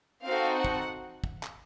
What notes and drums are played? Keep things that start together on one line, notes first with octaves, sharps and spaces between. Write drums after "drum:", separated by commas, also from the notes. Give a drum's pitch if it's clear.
C4 D#4 F#4 A4 F5
F#5
drum: kick
drum: kick
drum: clap